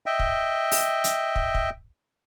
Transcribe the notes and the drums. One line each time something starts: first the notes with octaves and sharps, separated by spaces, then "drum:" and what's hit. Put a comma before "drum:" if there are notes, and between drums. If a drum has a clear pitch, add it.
D#5 E5 G5
drum: kick
drum: open hi-hat
drum: hi-hat
drum: kick
drum: kick